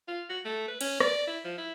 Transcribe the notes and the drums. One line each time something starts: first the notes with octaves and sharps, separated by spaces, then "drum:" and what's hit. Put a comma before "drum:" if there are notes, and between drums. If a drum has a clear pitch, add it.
F4
F#4
A3
B4
C#4, drum: cymbal
D5, drum: rim click
E4
F3
E4